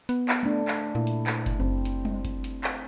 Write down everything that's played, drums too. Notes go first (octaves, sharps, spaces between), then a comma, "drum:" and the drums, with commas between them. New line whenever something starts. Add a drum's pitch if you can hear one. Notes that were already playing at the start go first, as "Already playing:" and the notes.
B3, drum: hi-hat
drum: clap
A3 D4
drum: clap
A#2 E4
drum: hi-hat
drum: clap
drum: kick F#1, hi-hat
F#1 C4
drum: hi-hat
drum: tom G3
drum: kick F#1, hi-hat
drum: hi-hat
drum: clap